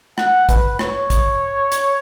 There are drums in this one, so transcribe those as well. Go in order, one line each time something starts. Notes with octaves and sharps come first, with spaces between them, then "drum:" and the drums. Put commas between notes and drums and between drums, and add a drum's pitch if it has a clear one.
F#5, drum: rim click
B4, drum: kick A1, hi-hat
C#5, drum: rim click
drum: kick A1, hi-hat
drum: hi-hat